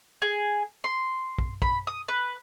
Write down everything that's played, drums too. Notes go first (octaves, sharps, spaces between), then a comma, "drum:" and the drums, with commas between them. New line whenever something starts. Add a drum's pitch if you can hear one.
G#4
C6
drum: kick
B5, drum: kick
D#6
B4